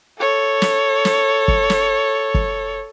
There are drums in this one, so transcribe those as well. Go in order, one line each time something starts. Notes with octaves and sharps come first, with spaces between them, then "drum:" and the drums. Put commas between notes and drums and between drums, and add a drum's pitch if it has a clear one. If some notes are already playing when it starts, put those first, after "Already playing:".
A4 C#5
drum: snare
drum: snare
drum: kick
drum: snare
drum: kick